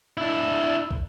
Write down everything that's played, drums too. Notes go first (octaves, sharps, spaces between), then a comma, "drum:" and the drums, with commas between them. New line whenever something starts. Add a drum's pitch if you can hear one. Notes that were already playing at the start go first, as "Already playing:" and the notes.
D4 E4
drum: kick